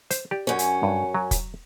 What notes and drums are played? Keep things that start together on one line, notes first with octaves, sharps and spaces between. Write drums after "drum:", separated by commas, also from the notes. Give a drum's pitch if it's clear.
C5, drum: hi-hat
G4 D5
F#2 C#4
drum: hi-hat
G2
F#3
drum: kick, hi-hat